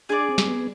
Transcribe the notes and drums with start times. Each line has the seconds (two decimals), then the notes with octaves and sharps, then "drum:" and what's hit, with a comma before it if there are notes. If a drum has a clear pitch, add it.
0.09 D4 G#4 B4 D5
0.29 C4
0.38 drum: snare
0.48 B3